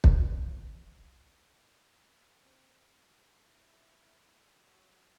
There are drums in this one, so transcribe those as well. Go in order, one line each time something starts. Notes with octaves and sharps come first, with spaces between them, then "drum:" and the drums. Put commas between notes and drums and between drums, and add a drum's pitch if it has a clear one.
D#4, drum: kick
C4
E4
F#3